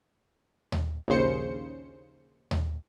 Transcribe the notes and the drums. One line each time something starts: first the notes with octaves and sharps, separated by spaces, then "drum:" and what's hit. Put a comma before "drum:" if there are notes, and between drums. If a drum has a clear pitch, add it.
drum: tom D#2
A#1 D#2 C#3 C5 C#7
drum: tom D#2